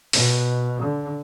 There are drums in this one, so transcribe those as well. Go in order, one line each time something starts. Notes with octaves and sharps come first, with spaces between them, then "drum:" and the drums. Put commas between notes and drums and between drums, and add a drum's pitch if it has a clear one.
B2, drum: open hi-hat
D3